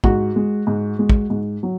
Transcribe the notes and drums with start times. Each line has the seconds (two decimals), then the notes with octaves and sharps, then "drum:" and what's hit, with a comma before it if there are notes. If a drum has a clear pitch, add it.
0.04 G#2 F#4, drum: kick
0.36 G#3
0.67 G#2
0.99 G#3
1.10 drum: kick
1.30 G#2
1.63 F#3